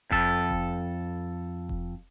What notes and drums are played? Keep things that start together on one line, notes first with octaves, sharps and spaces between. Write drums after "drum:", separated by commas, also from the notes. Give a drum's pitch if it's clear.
F2 A4, drum: kick F1
drum: kick F1
drum: kick F1